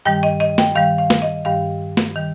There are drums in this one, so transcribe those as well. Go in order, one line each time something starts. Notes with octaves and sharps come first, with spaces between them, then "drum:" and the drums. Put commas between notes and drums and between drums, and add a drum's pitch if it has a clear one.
G2 D#3 G3 G5
D#5
D#5
G5, drum: snare
G2 D#3 G3 F5
F5
drum: snare
D#5
G2 D#3 G3 F5
drum: snare
D#3 G3